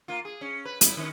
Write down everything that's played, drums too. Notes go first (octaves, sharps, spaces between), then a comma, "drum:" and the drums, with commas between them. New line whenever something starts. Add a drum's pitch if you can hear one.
A#3 F4
G#4
C#4
B4
A2 E4, drum: hi-hat
D#3 C#4